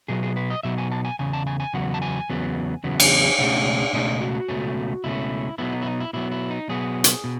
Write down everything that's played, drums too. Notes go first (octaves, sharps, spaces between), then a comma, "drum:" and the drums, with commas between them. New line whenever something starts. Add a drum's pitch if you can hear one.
B2 F#3 B3 G#4
G#4
B4
D#5
B2 F#3 B3 E5
G#5
A5
G#5
E2 C#3 G#5
A5
G#5
G#5
E2 C#3 F#3 B3 F#5
A5
G#5
E2 C#3 F#3 B3
E2 C#3 F#3 B3
drum: cymbal
C#2 B2 A3 C#4 F#5
C#2 B2 A3 C#4 D#5
F#4
C#2 B2 A3 C#4
C#2 B2 A3 C#4 E4
B2 F#3 B3 E4
D#4
E4
D#4
E4
B2 F#3 B3 E4
E4
D#4
B2 F#3 B3 G#4
drum: hi-hat
B2